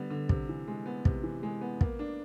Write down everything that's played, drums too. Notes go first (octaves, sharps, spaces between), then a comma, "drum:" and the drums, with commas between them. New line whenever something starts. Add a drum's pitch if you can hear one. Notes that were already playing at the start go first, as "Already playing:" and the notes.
Already playing: D3 G3 B3
D3
C3, drum: kick
E3
G#3
B3
C3, drum: kick
E3
G#3
B3
A#3, drum: kick
D4